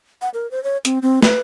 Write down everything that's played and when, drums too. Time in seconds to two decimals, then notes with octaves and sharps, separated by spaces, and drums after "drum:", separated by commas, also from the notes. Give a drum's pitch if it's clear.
0.22 F#5
0.34 A#4
0.51 C5
0.64 C#5
0.85 C4, drum: hi-hat
1.02 C4
1.22 B4, drum: snare